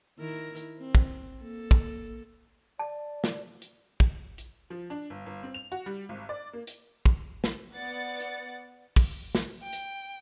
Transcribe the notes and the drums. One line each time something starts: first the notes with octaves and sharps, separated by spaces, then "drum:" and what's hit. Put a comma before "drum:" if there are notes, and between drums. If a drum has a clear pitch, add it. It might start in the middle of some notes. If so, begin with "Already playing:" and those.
D#3 E4 A#4
drum: hi-hat
C4
drum: kick
A#3 A4
drum: kick
D5 A5
drum: snare
drum: hi-hat
drum: kick
drum: hi-hat
F3
D4
G1
G1
C4
F7
F#4
G3
G#1
D5
A#3
drum: hi-hat
drum: kick
drum: snare
B3 D5 F#5 A6 C#7
drum: hi-hat
drum: kick, open hi-hat
drum: snare
G5
drum: hi-hat